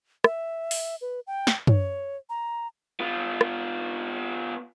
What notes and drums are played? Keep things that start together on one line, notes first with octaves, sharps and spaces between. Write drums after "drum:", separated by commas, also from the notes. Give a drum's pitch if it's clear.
E5, drum: rim click
drum: open hi-hat
B4
G5
drum: snare
C#5, drum: tom F#2
A#5
B3 F4
drum: rim click